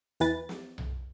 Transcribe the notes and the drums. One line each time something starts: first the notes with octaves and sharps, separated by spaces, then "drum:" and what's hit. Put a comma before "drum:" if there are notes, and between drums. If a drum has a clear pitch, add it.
E2 E3 B4 A6, drum: hi-hat
drum: snare
drum: tom B1